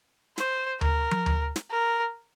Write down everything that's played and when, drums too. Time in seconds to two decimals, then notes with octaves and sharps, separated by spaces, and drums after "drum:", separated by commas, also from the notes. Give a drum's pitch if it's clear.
0.38 C5, drum: snare
0.81 A#4, drum: tom D2
1.11 drum: tom
1.26 drum: tom D2
1.56 drum: snare
1.71 A#4